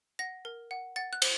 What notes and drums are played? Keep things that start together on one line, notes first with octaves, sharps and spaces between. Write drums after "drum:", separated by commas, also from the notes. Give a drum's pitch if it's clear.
F#5 A#6
A#4
F#5
F#5 A6
F#6
C5, drum: cymbal